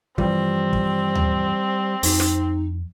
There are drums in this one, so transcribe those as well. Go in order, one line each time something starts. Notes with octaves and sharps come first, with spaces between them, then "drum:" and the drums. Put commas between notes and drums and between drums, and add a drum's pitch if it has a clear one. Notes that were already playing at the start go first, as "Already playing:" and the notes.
G2 E3 F3 G3 C4, drum: kick
drum: kick
drum: tom D2
F2 D#4, drum: open hi-hat
drum: snare